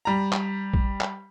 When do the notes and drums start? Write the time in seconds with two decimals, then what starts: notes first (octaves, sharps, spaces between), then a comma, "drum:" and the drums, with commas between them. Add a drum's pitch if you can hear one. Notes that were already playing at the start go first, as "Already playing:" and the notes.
0.05 G3 A#5
0.33 drum: clap
0.74 drum: kick
1.01 drum: clap